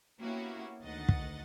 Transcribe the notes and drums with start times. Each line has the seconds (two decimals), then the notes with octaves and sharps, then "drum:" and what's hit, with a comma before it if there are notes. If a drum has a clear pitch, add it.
0.20 A#3 B3 C#4 E4 F#4 G4
0.81 D2 D#3 D#5 F#5 A6
1.09 drum: kick